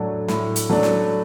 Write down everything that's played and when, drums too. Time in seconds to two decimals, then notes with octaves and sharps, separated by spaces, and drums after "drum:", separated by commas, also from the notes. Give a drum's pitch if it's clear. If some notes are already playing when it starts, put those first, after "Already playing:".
Already playing: A2 F#3 A3 D4
0.28 A2, drum: snare
0.56 drum: hi-hat
0.70 F#3 A3 D4
0.83 drum: snare